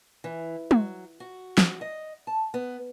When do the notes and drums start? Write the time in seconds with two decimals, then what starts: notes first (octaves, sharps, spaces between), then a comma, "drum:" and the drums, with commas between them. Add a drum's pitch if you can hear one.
0.24 E3
0.71 F#3, drum: tom
1.20 F#4
1.58 F#4, drum: snare
1.81 D#5
2.27 A5
2.54 B3